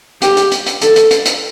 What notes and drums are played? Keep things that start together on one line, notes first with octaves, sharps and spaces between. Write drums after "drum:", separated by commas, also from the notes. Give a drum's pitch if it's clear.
G4, drum: hi-hat
drum: hi-hat
drum: hi-hat
drum: hi-hat
A4, drum: hi-hat
drum: hi-hat
drum: hi-hat
drum: hi-hat